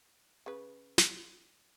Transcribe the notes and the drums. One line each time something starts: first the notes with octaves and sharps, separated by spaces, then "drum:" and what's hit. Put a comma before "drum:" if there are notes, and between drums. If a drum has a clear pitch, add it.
C#3 B4
drum: snare